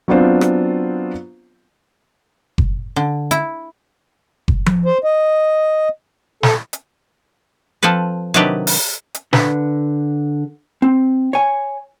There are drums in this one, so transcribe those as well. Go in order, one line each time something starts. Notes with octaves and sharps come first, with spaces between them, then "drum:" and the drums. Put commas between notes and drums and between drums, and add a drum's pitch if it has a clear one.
F#3 B3 C4 D4 F4 C5
drum: rim click
drum: kick F#1
D3
E4, drum: hi-hat
drum: kick F#1
drum: tom F3
C5
D#5
A4, drum: snare
drum: hi-hat
F3 C4 A4 B4
C3 D#3 F#3 D4 G4 B4
drum: open hi-hat
drum: hi-hat
D3 B4, drum: snare
C4
C#5 G#5